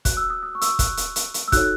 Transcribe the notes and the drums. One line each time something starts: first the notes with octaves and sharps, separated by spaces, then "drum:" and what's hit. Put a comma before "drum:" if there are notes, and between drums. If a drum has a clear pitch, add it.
F#4 C#5 F#6, drum: kick, hi-hat
E6
D#6
D#6
C#6
E6, drum: hi-hat
D#6
F#6, drum: kick, hi-hat
drum: hi-hat
drum: hi-hat
drum: hi-hat
E6
D#4 F#4 A4 C#5 F#6, drum: kick, hi-hat